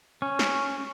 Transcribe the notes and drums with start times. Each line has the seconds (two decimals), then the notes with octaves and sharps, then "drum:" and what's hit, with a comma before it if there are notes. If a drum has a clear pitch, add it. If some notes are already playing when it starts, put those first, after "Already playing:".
0.22 C#4
0.39 drum: snare